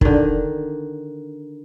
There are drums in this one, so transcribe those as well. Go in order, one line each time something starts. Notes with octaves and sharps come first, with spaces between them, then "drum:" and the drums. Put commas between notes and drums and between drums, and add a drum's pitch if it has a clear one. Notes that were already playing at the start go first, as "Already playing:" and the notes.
D3 D#3, drum: kick